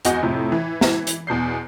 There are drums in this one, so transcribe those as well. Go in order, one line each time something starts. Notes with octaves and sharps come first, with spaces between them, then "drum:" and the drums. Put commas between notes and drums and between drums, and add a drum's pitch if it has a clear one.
G#1 E2 F#4 D#5 G#5 G6, drum: hi-hat
F2 A2 C3
E3
drum: snare
drum: hi-hat
E2 B2 G6 C7